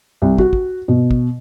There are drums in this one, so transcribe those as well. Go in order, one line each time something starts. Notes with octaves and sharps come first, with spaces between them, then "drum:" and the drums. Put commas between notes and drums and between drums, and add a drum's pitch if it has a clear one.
C2
F#4, drum: kick
drum: kick
B2
drum: kick